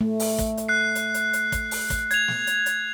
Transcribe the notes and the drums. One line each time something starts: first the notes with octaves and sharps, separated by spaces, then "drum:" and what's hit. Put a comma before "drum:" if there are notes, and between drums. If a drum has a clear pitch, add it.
A3
drum: open hi-hat
drum: kick, hi-hat
drum: hi-hat
F#6 C7
drum: hi-hat
drum: hi-hat
drum: hi-hat
drum: kick, hi-hat
drum: open hi-hat
drum: kick, hi-hat
G#6 F7, drum: hi-hat
drum: snare
drum: hi-hat
drum: hi-hat